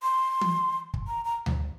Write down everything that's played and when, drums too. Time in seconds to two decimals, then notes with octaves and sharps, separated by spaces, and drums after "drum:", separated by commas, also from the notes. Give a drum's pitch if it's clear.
0.02 C6
0.41 drum: tom E3
0.94 drum: kick
1.07 A#5
1.25 A#5
1.46 drum: tom D2